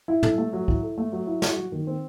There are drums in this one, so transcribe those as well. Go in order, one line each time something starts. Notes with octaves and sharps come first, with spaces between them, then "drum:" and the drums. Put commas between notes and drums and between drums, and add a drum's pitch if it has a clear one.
E4
A4, drum: tom
A3
F#3
E4, drum: kick C2
A4
A3
F#3
E4
F#4, drum: snare
F#3
D#3
C4